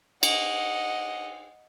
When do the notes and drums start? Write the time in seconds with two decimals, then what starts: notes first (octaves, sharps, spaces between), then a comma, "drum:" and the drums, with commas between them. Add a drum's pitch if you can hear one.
0.23 D#5 F#5, drum: cymbal